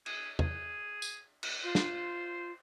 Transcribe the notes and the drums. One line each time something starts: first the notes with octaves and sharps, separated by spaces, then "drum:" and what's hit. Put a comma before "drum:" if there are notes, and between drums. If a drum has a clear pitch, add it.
G#4, drum: cymbal
G#4, drum: tom
drum: tambourine
drum: cymbal
F4 C5
drum: snare